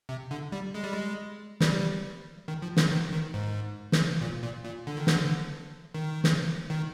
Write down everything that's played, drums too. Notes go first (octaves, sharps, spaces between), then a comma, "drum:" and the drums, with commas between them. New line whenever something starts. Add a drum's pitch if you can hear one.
C3
D3
G3
G#3
G3
G#3
G3, drum: snare
D#3
F3
D3, drum: snare
D#3
D#3
G#2
drum: snare
A#2
A#2
A#2
D3
D#3
D3, drum: snare
D#3
drum: snare
D#3